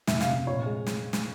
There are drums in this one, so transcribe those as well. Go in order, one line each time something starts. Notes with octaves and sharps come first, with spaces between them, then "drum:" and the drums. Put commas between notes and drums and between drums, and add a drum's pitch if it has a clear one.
F1 E5, drum: snare
F5, drum: snare
C3
A#1 C#5
G#3
drum: snare
drum: snare